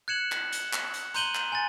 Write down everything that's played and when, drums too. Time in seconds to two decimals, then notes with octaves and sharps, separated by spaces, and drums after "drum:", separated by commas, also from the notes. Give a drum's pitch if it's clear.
0.08 F#6 G#6 C#7 E7 F#7
0.32 drum: clap
0.52 drum: hi-hat
0.73 drum: clap
0.94 drum: hi-hat
1.14 A#5 C6 G6 D#7 F#7 G7, drum: hi-hat
1.35 drum: clap
1.52 G#5 A6